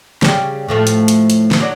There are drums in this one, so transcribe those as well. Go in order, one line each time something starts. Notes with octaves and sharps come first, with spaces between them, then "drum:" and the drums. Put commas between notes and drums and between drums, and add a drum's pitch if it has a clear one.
C#3 G3, drum: snare
A2 F3 A3
drum: hi-hat
drum: hi-hat
drum: hi-hat
drum: snare
F#3 D4